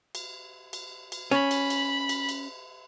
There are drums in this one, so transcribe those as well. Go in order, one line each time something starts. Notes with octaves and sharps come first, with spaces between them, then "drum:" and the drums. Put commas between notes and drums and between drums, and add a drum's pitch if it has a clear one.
drum: cymbal
drum: cymbal
drum: cymbal
C#4 B5
drum: cymbal
drum: cymbal
drum: cymbal
drum: cymbal